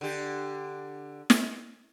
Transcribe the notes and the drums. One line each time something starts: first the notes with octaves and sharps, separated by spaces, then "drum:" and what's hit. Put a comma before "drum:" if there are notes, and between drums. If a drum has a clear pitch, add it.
D3 G4
drum: snare